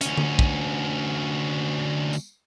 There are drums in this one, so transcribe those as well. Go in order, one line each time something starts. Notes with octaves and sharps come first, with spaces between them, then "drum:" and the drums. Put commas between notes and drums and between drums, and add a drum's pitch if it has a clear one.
D2 C#4, drum: hi-hat
drum: tom D3
drum: kick
drum: tambourine